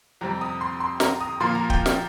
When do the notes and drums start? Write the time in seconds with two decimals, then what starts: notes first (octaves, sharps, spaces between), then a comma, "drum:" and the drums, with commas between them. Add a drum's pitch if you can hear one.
0.21 F2 C3 G3 C4 A#5
0.41 D#6
0.61 C6
0.80 C6
1.00 A#5, drum: snare
1.20 D#6
1.40 A#2 F3 A#3 C6
1.55 A#5
1.70 G5, drum: kick
1.86 G5, drum: snare